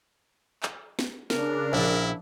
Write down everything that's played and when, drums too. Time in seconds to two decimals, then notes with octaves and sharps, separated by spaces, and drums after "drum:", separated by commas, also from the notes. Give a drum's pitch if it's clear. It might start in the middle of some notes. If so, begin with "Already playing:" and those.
0.63 drum: clap
0.99 drum: snare
1.30 C#3 D4 A#4, drum: snare
1.73 A#1 E4